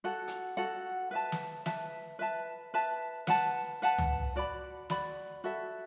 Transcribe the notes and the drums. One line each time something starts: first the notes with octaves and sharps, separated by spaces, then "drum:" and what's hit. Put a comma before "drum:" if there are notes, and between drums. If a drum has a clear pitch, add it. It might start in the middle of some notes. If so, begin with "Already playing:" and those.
F#4 A4 F#5
drum: hi-hat
F#4 A4 F#5
B4 E5 A5
drum: snare
B4 E5 A5, drum: snare
B4 E5 A5
B4 E5 A5
B4 F#5 A5, drum: snare
B4 F#5 A5
drum: tom C#2
F#4 D5 B5
F#4 D5 B5, drum: snare
F#4 A4 E5